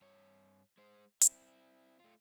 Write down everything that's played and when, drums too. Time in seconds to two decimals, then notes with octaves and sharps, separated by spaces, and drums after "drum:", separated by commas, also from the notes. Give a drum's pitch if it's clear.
0.01 G2 C#5
0.78 G#3 C5
1.21 C4 E4, drum: hi-hat
2.00 A3 F4